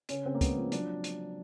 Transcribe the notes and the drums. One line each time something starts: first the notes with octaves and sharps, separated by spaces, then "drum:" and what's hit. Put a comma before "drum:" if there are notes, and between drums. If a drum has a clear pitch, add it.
C#3 C#4, drum: hi-hat
C#3 C4
A#3
G#3 B3, drum: kick, hi-hat
F3
F#3 D4, drum: hi-hat
drum: hi-hat